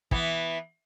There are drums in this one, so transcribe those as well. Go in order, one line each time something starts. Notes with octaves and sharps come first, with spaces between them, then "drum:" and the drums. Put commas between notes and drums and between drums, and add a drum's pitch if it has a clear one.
E3 B3, drum: kick